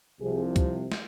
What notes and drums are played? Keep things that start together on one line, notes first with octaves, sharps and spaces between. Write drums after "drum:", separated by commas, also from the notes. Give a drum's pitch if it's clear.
C2 C3 F3 G#4
drum: kick C#2, hi-hat
drum: snare